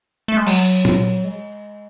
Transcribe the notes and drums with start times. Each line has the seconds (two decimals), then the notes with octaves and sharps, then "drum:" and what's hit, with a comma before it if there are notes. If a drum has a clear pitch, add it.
0.28 A3
0.37 G#3
0.47 F#3, drum: cymbal
0.85 drum: tom A#2
1.24 G#3